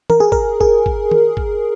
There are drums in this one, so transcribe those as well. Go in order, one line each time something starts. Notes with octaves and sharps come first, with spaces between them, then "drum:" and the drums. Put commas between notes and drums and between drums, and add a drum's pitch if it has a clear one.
A#4, drum: tom E3
G#4
A#4, drum: kick
G#4, drum: kick
drum: kick
drum: tom
drum: kick